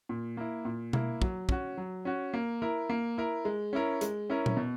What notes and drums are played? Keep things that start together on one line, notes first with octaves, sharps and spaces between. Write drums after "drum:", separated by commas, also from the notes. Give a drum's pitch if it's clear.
A#2
A#3 E4
A#2
A#3 E4, drum: tom B2
F#3, drum: kick
C#4 F#4, drum: kick
F#3
C#4 F#4
A#3
E4 A#4
A#3
E4 A#4
G#3
C#4 E4 A#4
G#3, drum: hi-hat
C#4 E4 A#4
drum: tom A#2
B2